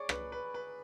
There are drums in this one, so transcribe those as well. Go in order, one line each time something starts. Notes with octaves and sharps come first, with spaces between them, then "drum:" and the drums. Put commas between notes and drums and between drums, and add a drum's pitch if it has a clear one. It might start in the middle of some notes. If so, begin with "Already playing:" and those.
Already playing: G#4 C#5 D5 C#6 D6
B4 B5, drum: rim click
B4 B5
B4 B5